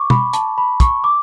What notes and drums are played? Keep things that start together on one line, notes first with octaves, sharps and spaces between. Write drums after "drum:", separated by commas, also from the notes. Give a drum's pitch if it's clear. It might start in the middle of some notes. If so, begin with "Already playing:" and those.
Already playing: C#6 D6
B5, drum: tom
A5, drum: hi-hat
B5
C#6, drum: kick, hi-hat
D6